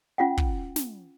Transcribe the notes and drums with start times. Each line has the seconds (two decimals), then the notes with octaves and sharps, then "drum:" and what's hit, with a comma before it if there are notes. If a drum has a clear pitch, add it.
0.18 C#4 F4 F#5 G5
0.37 drum: kick
0.76 drum: snare